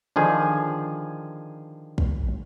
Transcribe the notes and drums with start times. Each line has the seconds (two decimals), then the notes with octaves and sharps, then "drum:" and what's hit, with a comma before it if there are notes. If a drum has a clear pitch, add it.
0.16 D3 D#3 F3 G#4
1.98 drum: kick